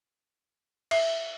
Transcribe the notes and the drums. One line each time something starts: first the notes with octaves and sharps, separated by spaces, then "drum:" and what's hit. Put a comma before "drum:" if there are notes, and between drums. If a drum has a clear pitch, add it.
E5, drum: cymbal